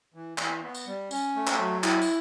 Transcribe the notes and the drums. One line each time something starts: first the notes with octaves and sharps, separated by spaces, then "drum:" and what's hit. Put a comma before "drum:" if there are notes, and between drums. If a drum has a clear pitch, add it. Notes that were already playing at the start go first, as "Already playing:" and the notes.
E3
E3, drum: clap
B3
drum: tambourine
G3
C#4, drum: tambourine
A3
drum: clap
F#3
E4, drum: clap
drum: tambourine